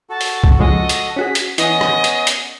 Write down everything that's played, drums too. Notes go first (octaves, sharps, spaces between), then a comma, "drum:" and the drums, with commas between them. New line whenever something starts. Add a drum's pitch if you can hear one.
F#4 A4 A5
drum: open hi-hat
drum: kick C2
C#3 F3 G#3 D#5
drum: hi-hat
C#4 F#4 G#4 B6
drum: hi-hat
E3 B3 C#4 D#5, drum: hi-hat
drum: rim click
drum: hi-hat
drum: hi-hat